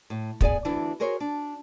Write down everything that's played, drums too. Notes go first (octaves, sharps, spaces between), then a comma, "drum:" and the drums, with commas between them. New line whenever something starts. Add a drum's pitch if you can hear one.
A2
B3 G#4 D5 G#5, drum: kick
D2 E3 D4 E4
F#4 G#4 A#4 C5 C#5
D4